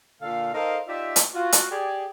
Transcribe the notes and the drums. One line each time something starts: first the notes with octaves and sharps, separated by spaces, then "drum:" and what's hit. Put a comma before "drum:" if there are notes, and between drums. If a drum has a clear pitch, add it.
A#2 D3 A4 F5
D#4 A4 A#4 C5 D#5 F5
D#4 F4 G4 D5 E5
drum: hi-hat
F4 F#4
drum: hi-hat
G4 G#4 D5